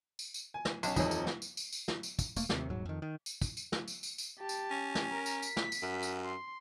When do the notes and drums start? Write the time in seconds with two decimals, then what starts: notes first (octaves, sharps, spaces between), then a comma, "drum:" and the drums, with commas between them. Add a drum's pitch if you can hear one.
0.19 drum: tambourine
0.34 drum: tambourine
0.54 G#5
0.65 drum: snare
0.83 B1 C#4, drum: tambourine
0.96 D#1 F2 E3 D#4 C#5, drum: kick, tambourine
1.11 drum: tambourine
1.26 drum: snare
1.42 drum: tambourine
1.57 drum: tambourine
1.73 drum: tambourine
1.88 drum: snare
2.03 drum: tambourine
2.19 drum: kick, tambourine
2.36 E1 A3 A#3, drum: tambourine
2.49 D#2 C3, drum: snare
2.70 D#1 G#2 F#3
2.85 F2 D#3
3.02 D#3
3.26 drum: tambourine
3.41 drum: kick, tambourine
3.57 drum: tambourine
3.72 drum: snare
3.88 drum: tambourine
4.03 drum: tambourine
4.18 drum: tambourine
4.38 G4 A5
4.49 drum: tambourine
4.71 C#4
4.95 drum: snare
5.11 A#4 A#5
5.26 drum: tambourine
5.42 B6, drum: tambourine
5.57 drum: snare
5.72 drum: tambourine
5.82 F#2
6.03 drum: tambourine
6.24 C6